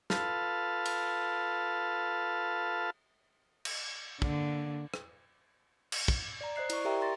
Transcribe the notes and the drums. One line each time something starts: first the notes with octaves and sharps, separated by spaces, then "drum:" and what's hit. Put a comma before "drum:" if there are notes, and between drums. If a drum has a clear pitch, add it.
F4 A4 B4 F5 A5, drum: snare
drum: cymbal
drum: cymbal
D3 A#3, drum: kick
drum: rim click
drum: cymbal
drum: kick
D5 A#5
C5 D#5 F#6 C7
E4 D5 C#6, drum: cymbal
G4 A#4 E5 G5 A#5
C6 A6 A#6